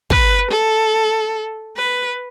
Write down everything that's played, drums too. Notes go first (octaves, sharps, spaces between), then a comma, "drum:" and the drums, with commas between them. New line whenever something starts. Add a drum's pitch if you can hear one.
B4, drum: kick
A4
B4